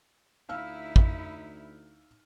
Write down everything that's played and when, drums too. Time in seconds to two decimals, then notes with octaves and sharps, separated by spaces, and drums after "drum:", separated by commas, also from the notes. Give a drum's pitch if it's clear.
0.49 D2 D#4 E4 F5 E6 F6
0.96 drum: kick